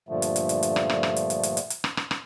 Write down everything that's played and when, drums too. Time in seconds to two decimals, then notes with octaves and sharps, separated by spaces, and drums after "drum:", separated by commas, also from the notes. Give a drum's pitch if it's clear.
0.09 G2 A#2 D3 F3 A3
0.22 drum: hi-hat
0.36 drum: hi-hat
0.49 drum: hi-hat
0.63 drum: hi-hat
0.76 drum: rim click
0.90 drum: rim click
1.03 drum: rim click
1.16 drum: hi-hat
1.30 drum: hi-hat
1.43 drum: hi-hat
1.57 drum: hi-hat
1.70 drum: hi-hat
1.84 drum: rim click
1.97 drum: rim click
2.11 drum: rim click